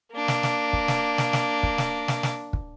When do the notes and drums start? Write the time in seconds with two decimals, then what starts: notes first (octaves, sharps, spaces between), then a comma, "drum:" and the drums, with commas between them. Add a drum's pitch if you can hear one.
0.13 A#3 D4
0.28 drum: snare
0.43 drum: snare
0.73 drum: kick
0.88 drum: snare
1.18 drum: snare
1.33 drum: snare
1.63 drum: kick
1.78 drum: snare
2.08 drum: snare
2.23 drum: snare
2.53 drum: kick